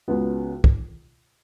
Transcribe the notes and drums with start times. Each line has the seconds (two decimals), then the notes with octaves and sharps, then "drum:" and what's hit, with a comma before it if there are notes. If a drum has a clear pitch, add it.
0.08 C#2 C#3 B3 F#4
0.64 drum: kick